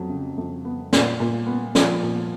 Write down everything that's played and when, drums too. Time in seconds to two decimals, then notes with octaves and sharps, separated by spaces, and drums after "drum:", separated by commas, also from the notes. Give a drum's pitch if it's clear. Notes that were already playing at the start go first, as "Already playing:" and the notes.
Already playing: F2 F#3
0.09 C#3
0.38 F2
0.65 B3
0.93 A#2, drum: snare
1.20 A#2
1.46 B3
1.75 F3, drum: snare
2.03 A#2